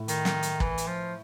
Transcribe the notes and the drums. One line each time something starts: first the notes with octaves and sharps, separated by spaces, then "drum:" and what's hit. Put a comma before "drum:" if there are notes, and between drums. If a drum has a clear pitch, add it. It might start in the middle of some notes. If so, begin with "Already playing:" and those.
Already playing: A2
D#3, drum: hi-hat
drum: snare
drum: hi-hat
E3, drum: kick
drum: hi-hat
F3